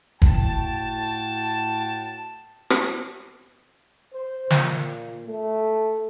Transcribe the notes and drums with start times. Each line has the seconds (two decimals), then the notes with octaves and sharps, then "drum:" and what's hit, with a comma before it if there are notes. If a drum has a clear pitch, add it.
0.22 A2 F#4 G5 A5, drum: kick
2.70 drum: rim click
4.14 C5
4.51 A#2, drum: snare
5.27 A3